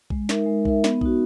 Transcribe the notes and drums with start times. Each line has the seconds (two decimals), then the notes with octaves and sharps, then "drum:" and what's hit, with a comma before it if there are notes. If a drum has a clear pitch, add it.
0.10 G#3, drum: kick A#1
0.29 D#4 A#4 E5, drum: snare
0.46 G#3
0.65 D#4 A#4 E5, drum: kick A#1
0.84 B3, drum: snare
1.01 D#4 F#4, drum: kick A#1